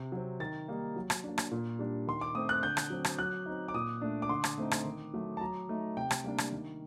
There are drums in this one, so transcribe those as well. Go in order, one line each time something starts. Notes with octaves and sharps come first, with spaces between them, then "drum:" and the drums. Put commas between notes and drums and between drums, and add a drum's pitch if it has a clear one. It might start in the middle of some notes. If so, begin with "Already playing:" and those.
Already playing: C3
F#3 C4
D#3 A6
G3 A#3 D#4
F#3
drum: rim click
A#3 D4
drum: rim click
A#2
G3 D4
D#3 C6
D6
A3 C4 D#6
F#6
D3 G6
drum: rim click
F#3 C4
drum: rim click
F#3 F#6
C4 D#4
D6
A#2 D#6
A3 D4
D6
D3 C6
drum: rim click
A3 C4 D#4
drum: rim click
D#3
F#3 A3
A5
F#3 A#5
A3 D#4
C3 G5
drum: rim click
G3 A#3 D4
drum: rim click
D#3